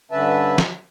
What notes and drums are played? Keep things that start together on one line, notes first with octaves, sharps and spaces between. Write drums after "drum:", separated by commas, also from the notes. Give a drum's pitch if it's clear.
G2 D3 C#4 B4 E5 A5
drum: snare